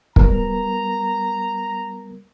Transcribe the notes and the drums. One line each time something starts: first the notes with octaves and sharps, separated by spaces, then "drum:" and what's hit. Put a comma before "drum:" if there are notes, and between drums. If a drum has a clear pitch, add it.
G3 B3 A#4 A#5, drum: kick